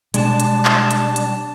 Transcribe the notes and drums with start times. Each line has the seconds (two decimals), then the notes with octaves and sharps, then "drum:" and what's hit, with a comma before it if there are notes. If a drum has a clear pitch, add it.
0.14 B2 G3 G#3 D4 A5, drum: hi-hat
0.40 drum: hi-hat
0.65 drum: clap
0.91 drum: hi-hat
1.16 drum: hi-hat